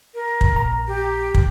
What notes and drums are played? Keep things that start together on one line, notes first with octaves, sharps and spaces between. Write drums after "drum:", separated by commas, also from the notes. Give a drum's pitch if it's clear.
A#4
drum: kick
A#1 A#5
G4
drum: kick